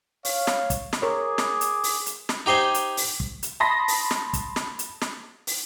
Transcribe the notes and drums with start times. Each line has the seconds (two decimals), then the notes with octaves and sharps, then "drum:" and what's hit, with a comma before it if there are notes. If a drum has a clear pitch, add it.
0.25 C#5 F5, drum: open hi-hat
0.47 drum: snare
0.70 drum: kick, hi-hat
0.93 drum: snare
1.02 G#4 A#4 C#5 D6
1.38 drum: snare
1.61 drum: hi-hat
1.84 drum: open hi-hat
2.06 drum: hi-hat
2.29 drum: snare
2.46 D#4 G4 C5 D#5 G#5
2.74 drum: hi-hat
2.97 drum: open hi-hat
3.20 drum: kick
3.43 drum: hi-hat
3.60 A5 B5 C6 D#6 A#6 B6
3.88 drum: open hi-hat
4.11 drum: snare
4.33 drum: kick, hi-hat
4.56 drum: snare
4.79 drum: hi-hat
5.02 drum: snare
5.47 drum: open hi-hat